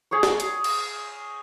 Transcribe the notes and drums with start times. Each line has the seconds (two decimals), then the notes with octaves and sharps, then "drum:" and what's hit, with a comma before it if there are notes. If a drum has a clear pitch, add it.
0.11 G#4 C#5 C#6
0.23 drum: snare
0.40 drum: hi-hat
0.64 drum: cymbal